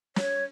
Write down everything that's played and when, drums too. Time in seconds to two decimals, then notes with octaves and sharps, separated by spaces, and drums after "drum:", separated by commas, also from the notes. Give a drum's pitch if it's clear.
0.16 C#5, drum: snare